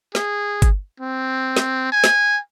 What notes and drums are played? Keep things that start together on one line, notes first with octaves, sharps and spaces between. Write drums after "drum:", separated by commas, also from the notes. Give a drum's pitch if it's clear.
G#4, drum: snare
drum: kick G1, hi-hat
C4
drum: snare
G#5
drum: snare